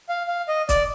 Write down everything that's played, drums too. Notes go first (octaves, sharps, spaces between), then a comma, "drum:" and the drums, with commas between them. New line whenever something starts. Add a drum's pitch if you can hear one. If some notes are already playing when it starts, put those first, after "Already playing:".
F5
F5
D#5
D5, drum: kick, hi-hat